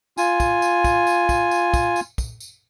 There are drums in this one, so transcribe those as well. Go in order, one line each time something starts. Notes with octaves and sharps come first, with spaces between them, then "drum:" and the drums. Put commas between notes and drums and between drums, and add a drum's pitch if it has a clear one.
F4 G#5, drum: tambourine
drum: kick, tambourine
drum: tambourine
drum: kick, tambourine
drum: tambourine
drum: kick, tambourine
drum: tambourine
drum: kick, tambourine
drum: tambourine
drum: kick, tambourine
drum: tambourine